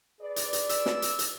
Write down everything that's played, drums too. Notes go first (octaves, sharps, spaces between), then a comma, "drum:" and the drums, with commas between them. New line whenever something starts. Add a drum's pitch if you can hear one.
G#4 B4 D5
drum: hi-hat
drum: hi-hat
E6, drum: hi-hat
drum: snare
drum: hi-hat
drum: hi-hat